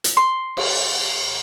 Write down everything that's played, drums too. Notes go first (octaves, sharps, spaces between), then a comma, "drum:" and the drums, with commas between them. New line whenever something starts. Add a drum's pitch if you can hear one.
drum: hi-hat
C6
drum: cymbal